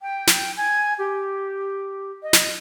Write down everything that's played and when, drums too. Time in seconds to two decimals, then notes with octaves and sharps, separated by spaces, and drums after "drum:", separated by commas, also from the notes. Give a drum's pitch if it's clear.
0.02 G5
0.27 drum: snare
0.57 G#5
0.99 G4
2.23 D#5
2.33 drum: snare